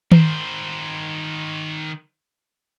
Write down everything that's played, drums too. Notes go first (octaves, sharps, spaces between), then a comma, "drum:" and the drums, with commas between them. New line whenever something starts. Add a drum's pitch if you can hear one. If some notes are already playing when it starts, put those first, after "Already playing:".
D#3 C5, drum: tom D#3